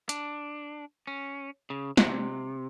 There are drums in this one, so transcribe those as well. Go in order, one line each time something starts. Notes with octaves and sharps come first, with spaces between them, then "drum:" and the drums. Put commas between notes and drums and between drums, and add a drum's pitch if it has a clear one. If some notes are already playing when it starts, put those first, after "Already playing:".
D4, drum: hi-hat
C#4
C#3
C3, drum: snare